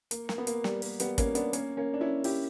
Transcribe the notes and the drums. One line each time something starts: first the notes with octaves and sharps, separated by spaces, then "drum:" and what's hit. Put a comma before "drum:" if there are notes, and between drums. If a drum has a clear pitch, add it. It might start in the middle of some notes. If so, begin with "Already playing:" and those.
A#3, drum: hi-hat
A#3, drum: snare
B3
A#3, drum: hi-hat
G3, drum: snare
A#3, drum: open hi-hat
G3 B3, drum: hi-hat
A#3 C#4, drum: kick, hi-hat
B3 D4, drum: hi-hat
A#3 C#4, drum: hi-hat
A#3 C#4
D4
C#4 E4
E4 G4, drum: open hi-hat